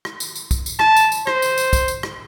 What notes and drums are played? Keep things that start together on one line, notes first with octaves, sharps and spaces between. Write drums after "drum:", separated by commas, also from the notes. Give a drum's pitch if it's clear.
drum: rim click
drum: tambourine
drum: tambourine
drum: kick, tambourine
drum: tambourine
A5, drum: rim click
drum: tambourine
drum: tambourine
C5, drum: rim click
drum: tambourine
drum: tambourine
drum: kick, tambourine
drum: tambourine
drum: rim click